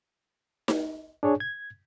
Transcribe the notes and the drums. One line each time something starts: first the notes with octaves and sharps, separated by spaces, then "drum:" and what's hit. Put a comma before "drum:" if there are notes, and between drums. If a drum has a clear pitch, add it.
drum: snare D#4
D4 G#4 C#5
G#6